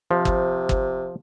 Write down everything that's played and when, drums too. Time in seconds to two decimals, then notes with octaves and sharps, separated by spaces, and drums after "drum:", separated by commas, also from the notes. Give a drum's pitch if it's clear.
0.11 C3 F3
0.25 drum: kick
0.69 drum: kick